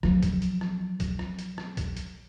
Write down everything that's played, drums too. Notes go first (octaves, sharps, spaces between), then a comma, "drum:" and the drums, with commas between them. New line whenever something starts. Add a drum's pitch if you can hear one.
F3 F#3, drum: rim click
drum: kick B1, hi-hat
drum: hi-hat
drum: rim click
drum: kick B1, hi-hat
drum: rim click
drum: hi-hat
drum: rim click
drum: kick B1, hi-hat
drum: hi-hat